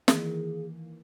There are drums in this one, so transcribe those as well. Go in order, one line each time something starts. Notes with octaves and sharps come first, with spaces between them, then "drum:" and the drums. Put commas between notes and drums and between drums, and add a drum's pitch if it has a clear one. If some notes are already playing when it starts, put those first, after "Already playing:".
D#3 E3 A#3 G#4, drum: snare